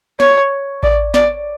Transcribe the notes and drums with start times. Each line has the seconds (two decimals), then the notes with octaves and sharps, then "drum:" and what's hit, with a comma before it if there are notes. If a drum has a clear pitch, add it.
0.20 C#5, drum: snare
0.83 D5, drum: kick A1
1.14 D5, drum: snare